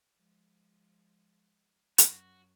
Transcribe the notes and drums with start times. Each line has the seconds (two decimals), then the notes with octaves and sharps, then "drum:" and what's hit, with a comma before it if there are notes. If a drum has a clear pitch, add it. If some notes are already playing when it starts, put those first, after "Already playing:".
0.17 F3 G#3
1.98 F#2 F#3 F#4, drum: hi-hat